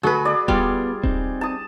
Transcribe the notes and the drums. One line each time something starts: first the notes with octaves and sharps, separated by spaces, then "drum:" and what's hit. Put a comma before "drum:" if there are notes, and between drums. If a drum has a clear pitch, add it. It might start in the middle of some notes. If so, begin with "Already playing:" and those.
D2 F#4 G#4 A4 B4
D5
G3 B3 F4, drum: kick D#1
C4 D#4, drum: kick D#1
A5 D#6